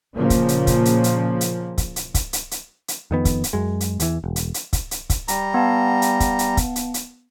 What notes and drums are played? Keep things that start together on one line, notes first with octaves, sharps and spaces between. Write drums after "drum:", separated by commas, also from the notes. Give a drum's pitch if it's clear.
A#2 C#3 F3 A#3
drum: kick, hi-hat
drum: hi-hat
drum: kick, hi-hat
drum: hi-hat
drum: hi-hat
drum: hi-hat
drum: kick, hi-hat
drum: hi-hat
drum: kick, hi-hat
drum: hi-hat
drum: hi-hat
drum: hi-hat
F2 D#3 B3
drum: kick, hi-hat
drum: hi-hat
F#2 G#3
drum: hi-hat
E2 E3, drum: hi-hat
E1
drum: hi-hat
drum: hi-hat
drum: kick, hi-hat
drum: hi-hat
drum: kick, hi-hat
G3 A#5, drum: hi-hat
B3 F5 A5
drum: hi-hat
drum: kick, hi-hat
drum: hi-hat
drum: kick, hi-hat
drum: hi-hat
drum: hi-hat